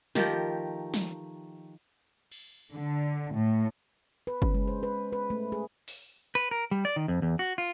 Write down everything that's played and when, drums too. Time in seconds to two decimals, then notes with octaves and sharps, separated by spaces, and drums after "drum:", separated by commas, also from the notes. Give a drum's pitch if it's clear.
0.15 D#3 F3 A3 G4 A#4, drum: snare
0.94 drum: snare
2.32 drum: cymbal
2.71 D3
3.34 A2
4.27 B4
4.42 C#4, drum: kick F#1
4.54 G#3
4.68 C5
4.83 B4
5.13 B4
5.30 A3
5.52 G#4
5.88 drum: open hi-hat
6.35 B4
6.51 A#4
6.71 G3
6.85 D5
6.96 D#3
7.08 F2
7.22 E2
7.39 F#4
7.58 F4